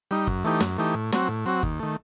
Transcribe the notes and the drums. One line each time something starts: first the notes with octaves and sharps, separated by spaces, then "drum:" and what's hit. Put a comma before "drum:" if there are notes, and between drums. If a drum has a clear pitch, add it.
G3 D#4
F#2, drum: kick G1
E3 A3 D#4 G4
F#2, drum: snare
E3 A3 D#4 G4
A2
F#3 C4 F#4, drum: snare
A2
F#3 C4 F#4
D#2, drum: kick G1
D#3 A3